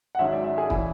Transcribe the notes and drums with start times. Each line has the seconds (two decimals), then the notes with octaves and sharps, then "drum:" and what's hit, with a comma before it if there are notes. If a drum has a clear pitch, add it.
0.15 F#5
0.19 G#1 G#2 F#3 C#4 E5
0.32 D5
0.44 E5
0.58 G#4
0.70 C#3 E3 E4, drum: kick